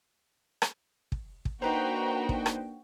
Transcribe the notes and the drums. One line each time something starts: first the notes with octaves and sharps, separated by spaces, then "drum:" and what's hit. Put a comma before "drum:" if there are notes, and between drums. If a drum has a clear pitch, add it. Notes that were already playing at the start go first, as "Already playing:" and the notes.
drum: rim click
drum: kick
drum: kick
A#3 D4 D#4 F#4 B4 C5 G5 A#5
drum: kick
drum: rim click